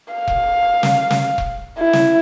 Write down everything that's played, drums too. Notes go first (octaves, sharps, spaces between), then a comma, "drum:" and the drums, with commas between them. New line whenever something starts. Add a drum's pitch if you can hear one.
F5
drum: kick E1
drum: snare
drum: snare
drum: kick E1
E4
drum: snare